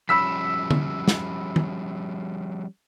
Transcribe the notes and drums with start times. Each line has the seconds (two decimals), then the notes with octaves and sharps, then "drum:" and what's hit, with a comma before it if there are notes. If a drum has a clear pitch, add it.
0.09 F3 G3 C#4 B5 E6 B6
0.71 drum: tom D3
1.08 drum: snare
1.56 drum: tom